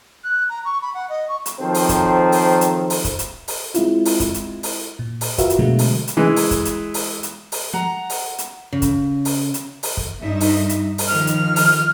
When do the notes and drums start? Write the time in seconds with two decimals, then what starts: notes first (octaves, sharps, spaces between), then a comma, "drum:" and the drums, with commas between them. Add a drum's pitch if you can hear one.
0.24 F#6
0.49 A#5
0.64 C#6
0.81 B5
0.93 F#5
1.09 D#5
1.28 C#6
1.46 drum: hi-hat
1.60 D#3 F3 F#3 C4 A4 C5
1.74 drum: open hi-hat
1.89 drum: kick, hi-hat
2.32 drum: open hi-hat
2.61 drum: hi-hat
2.90 drum: open hi-hat
3.04 drum: kick, hi-hat
3.19 drum: hi-hat
3.48 drum: open hi-hat
3.74 G#3 C4 E4 F4, drum: hi-hat
4.05 drum: open hi-hat
4.20 drum: kick, hi-hat
4.34 drum: hi-hat
4.63 drum: open hi-hat
4.99 A#2
5.21 drum: open hi-hat
5.38 F4 F#4 A#4 B4 E5 F5, drum: kick, hi-hat
5.50 drum: hi-hat
5.59 B2 D3 F#3 G#3 A3
5.79 drum: open hi-hat
6.07 drum: hi-hat
6.17 E3 G#3
6.36 drum: open hi-hat
6.51 drum: kick, hi-hat
6.65 drum: hi-hat
6.94 drum: open hi-hat
7.23 drum: hi-hat
7.52 drum: open hi-hat
7.73 F#5 A#5
8.10 drum: open hi-hat
8.38 drum: hi-hat
8.73 C#3
8.82 drum: kick, hi-hat
9.25 drum: open hi-hat
9.54 drum: hi-hat
9.83 drum: open hi-hat
9.97 drum: kick
10.20 G2 D#4 E5
10.41 drum: open hi-hat
10.69 drum: hi-hat
10.98 drum: open hi-hat
11.08 D#3 F3 F6
11.27 drum: hi-hat
11.56 drum: open hi-hat